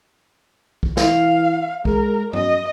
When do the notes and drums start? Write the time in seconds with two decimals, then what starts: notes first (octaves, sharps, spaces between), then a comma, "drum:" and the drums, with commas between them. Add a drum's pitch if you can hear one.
0.83 drum: kick
0.97 E3 F5, drum: snare
1.85 G#3 A#4, drum: kick
2.33 F#2 D#5, drum: tom